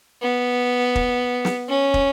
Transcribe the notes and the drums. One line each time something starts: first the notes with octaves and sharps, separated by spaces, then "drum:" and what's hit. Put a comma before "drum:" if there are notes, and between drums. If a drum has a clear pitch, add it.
B3
drum: kick
drum: snare
C#4
drum: kick